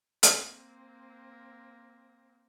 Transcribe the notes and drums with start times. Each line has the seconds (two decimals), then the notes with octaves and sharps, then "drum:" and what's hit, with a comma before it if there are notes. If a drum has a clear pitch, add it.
0.23 A#3 C4, drum: hi-hat